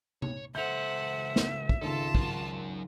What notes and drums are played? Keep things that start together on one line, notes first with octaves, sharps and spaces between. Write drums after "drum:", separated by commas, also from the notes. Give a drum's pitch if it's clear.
C#5, drum: tom C3
C#2 A4 C5 E5 F#5 G6 F7
drum: snare
drum: kick
G#1 C#2 F4 A4 A5
F#3 A#4, drum: kick